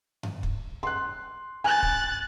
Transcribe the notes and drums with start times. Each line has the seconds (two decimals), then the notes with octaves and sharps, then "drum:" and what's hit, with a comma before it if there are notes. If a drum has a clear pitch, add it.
0.23 drum: tom F#2
0.43 drum: kick
0.83 C6 F#6
1.64 G#5 F#6 A6
1.83 drum: kick